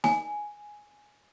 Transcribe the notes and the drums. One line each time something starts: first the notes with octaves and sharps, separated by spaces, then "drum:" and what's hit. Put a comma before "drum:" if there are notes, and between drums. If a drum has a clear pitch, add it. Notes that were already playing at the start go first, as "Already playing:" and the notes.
G#5, drum: snare D#4